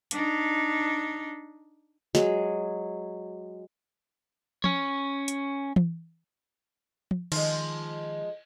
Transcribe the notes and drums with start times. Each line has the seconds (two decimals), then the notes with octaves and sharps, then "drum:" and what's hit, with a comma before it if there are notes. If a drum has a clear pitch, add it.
0.11 D4 D#4, drum: hi-hat
2.15 F#3 G#3, drum: snare
4.64 C#4 C#5, drum: tom
5.28 drum: hi-hat
5.76 drum: tom E3
7.11 drum: tom
7.32 D#3 F3 G#3, drum: cymbal